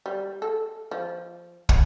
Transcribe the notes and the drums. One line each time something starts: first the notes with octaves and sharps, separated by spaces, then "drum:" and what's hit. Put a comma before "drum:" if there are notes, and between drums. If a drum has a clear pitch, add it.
G3
A4
F3
drum: kick